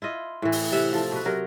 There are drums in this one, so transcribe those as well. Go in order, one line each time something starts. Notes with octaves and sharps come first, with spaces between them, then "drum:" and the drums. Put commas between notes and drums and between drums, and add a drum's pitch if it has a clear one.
E4 F4 D#5
A2 E3
drum: open hi-hat
C3 E5 F#5
F3 A4
B2 B4
C3 F#3 A#4